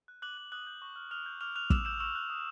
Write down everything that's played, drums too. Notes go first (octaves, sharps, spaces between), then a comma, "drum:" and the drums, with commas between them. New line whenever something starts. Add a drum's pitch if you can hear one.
F#6
D6 F#6 F#7
F#6
D#6 F#6 F#7
G6
C#6
F6
D#6 F6 F7
G6
D6 F6 F7
F6 F#6 F7
D6 E6 E7, drum: kick
E6 G6 E7
C#6 E6 E7
F#6
D#6